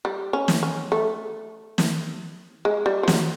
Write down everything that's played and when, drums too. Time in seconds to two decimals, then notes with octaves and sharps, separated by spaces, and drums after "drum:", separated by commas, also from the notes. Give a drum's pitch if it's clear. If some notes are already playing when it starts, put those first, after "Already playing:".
0.05 G3
0.33 C#4
0.48 drum: snare
0.63 C#4
0.92 A3
1.78 drum: snare
2.65 G#3
2.86 G3
3.03 F3
3.08 F#3, drum: snare